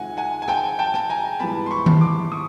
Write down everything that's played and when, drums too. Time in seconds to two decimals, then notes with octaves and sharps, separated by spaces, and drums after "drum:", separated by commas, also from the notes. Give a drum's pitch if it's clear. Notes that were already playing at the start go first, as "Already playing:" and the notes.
Already playing: D#3 G#3 C4 F4 F#5 G#5
0.17 F#5 G#5
0.42 G#5
0.48 G5 A5, drum: rim click
0.79 G5 A5
0.94 drum: rim click
1.09 G#5 A#5
1.39 G#2 E3 G3 B3 A5 B5
1.66 C6
1.71 B5 C#6
1.86 drum: tom D#3
2.01 C6 D6
2.32 C#6 D#6